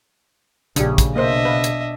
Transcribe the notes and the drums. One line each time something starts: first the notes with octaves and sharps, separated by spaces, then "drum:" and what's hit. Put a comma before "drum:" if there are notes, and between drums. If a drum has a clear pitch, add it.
A#1 C#3 D4 G4, drum: hi-hat
drum: kick, hi-hat
B2 A#3 D4 A#4 C5 D#5 E5
B4 F5
drum: hi-hat